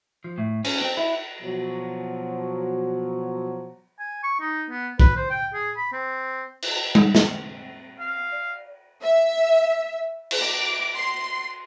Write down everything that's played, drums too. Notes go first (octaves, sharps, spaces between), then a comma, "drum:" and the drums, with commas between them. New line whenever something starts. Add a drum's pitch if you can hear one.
F3
A2
C#4, drum: cymbal
C4
E4
B2 F3 F#3
G#5
C#6
D#4
B3
B4, drum: kick
C5
G5
G#4
B5
C4
drum: cymbal
C4, drum: tom G3
drum: snare
F5
D5
E5
drum: cymbal
D6
C6